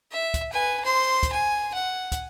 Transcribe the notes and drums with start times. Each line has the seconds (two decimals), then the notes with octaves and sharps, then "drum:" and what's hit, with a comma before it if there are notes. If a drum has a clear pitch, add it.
0.12 E5
0.34 drum: kick, hi-hat
0.52 B4 G#5
0.84 C5 C6
1.23 drum: kick, hi-hat
1.32 G#5
1.74 F#5
2.12 drum: kick, hi-hat